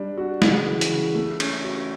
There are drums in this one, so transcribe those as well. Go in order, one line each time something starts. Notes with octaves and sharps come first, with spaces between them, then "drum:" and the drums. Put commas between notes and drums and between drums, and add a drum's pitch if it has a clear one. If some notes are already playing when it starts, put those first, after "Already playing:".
Already playing: G3 D4
F#4
C#3, drum: snare
E3
drum: hi-hat
C#3
A3
C#4, drum: cymbal
F#4